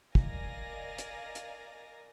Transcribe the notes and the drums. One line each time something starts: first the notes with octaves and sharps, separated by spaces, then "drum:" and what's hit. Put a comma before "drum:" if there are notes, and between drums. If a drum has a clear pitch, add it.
A#4 D5 D#5 F5 G#5 A#6, drum: kick
drum: hi-hat
drum: hi-hat